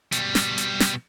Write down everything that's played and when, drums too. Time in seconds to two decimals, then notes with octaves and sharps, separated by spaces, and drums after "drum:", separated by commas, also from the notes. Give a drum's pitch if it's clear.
0.12 B2 G3, drum: hi-hat
0.35 drum: snare
0.58 drum: hi-hat
0.80 drum: snare